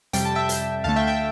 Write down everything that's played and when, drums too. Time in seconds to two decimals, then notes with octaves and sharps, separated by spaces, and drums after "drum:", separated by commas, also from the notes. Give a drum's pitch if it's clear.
0.13 F2 C3 G3 G5, drum: hi-hat
0.25 A5
0.35 E5 G5
0.49 drum: hi-hat
0.84 D2 D3 A3 F5 A5
0.96 E5 G5
1.07 E5 G5